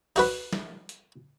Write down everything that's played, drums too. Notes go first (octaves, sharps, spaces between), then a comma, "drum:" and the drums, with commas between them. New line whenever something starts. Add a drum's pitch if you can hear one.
D#4 F#4 B4, drum: open hi-hat
drum: snare
drum: hi-hat